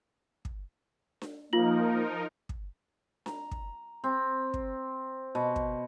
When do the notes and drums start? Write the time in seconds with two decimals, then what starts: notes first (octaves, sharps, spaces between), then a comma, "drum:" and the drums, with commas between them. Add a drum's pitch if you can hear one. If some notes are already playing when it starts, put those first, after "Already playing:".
0.45 drum: kick
1.22 drum: snare D4
1.53 F3 A#3 D#4 F4 A#4 F#7
2.49 drum: kick
3.26 A#5, drum: snare D4
3.51 drum: kick
4.04 C4
4.54 drum: kick
5.35 B2
5.56 drum: kick